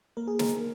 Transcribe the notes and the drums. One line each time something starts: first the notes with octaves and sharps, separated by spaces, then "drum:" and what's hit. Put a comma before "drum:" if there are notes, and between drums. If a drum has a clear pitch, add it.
A#3 A#4
G#4
A#3 A#4, drum: snare